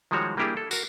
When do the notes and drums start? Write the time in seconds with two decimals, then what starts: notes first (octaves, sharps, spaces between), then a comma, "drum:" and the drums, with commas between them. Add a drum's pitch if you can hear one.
0.11 D#3 F3 G3 G#3 F#4 C#5
0.37 G3 A#3 D4 E4 G4 G#4
0.57 A4
0.71 F#4 A#4, drum: tambourine